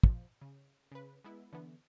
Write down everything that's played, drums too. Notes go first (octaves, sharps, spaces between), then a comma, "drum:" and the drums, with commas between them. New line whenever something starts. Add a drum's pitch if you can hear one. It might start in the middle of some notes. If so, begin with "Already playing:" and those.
F3, drum: kick
C#3
C#3 B4
G#3 B3 E4
D3 E3 B3